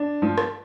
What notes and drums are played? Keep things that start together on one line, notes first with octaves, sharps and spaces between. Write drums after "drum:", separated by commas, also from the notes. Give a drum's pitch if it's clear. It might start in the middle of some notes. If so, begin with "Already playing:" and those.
Already playing: D4
F3
drum: rim click